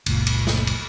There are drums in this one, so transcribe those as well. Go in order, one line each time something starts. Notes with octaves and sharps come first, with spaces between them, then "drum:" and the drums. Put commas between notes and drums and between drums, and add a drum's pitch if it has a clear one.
F#1 C#2 A#2, drum: cymbal
drum: cymbal
drum: snare
drum: cymbal